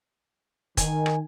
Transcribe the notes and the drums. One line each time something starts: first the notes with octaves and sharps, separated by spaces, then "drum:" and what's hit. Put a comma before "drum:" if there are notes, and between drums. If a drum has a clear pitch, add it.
D#3 G#5, drum: kick, hi-hat
drum: rim click